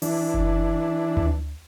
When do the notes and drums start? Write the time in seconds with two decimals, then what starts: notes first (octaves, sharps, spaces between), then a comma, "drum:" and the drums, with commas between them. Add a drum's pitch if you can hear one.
0.02 E3 D4, drum: open hi-hat
0.34 drum: kick F#1
1.17 drum: tom D2